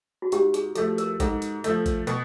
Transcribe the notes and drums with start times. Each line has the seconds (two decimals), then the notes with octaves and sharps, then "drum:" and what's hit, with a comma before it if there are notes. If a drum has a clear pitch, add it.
0.22 F#4
0.32 G#2 G4, drum: hi-hat
0.54 G#4, drum: hi-hat
0.75 F3 A3 A4, drum: hi-hat
0.98 A#4, drum: hi-hat
1.20 G#2 A4, drum: kick A1, hi-hat
1.42 drum: hi-hat
1.64 F3 A3, drum: hi-hat
1.86 drum: kick A1, hi-hat
2.07 B2, drum: hi-hat